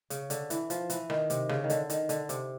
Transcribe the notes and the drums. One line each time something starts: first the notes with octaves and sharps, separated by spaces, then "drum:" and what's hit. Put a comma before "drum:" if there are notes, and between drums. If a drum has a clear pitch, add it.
C#3, drum: hi-hat
D3, drum: hi-hat
E3, drum: hi-hat
F3, drum: hi-hat
E3, drum: hi-hat
D#3, drum: rim click
C3, drum: hi-hat
C#3, drum: rim click
D#3
D3, drum: hi-hat
D#3, drum: hi-hat
D3, drum: hi-hat
C3, drum: hi-hat